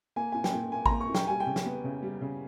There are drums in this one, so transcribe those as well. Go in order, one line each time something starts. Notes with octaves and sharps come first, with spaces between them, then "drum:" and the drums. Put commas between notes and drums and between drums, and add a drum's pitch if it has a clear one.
A#3 G#5
A#2 G#5
G5, drum: snare
A#2
A#3 G#5
A#5, drum: kick
A#3
C#6
A#2
G5, drum: snare
G3 G#5
G5
C#3
drum: snare
B3
C#3
G3
C#3